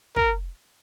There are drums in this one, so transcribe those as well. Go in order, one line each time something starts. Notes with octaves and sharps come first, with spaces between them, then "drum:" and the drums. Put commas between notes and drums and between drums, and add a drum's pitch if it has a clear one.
A#4, drum: kick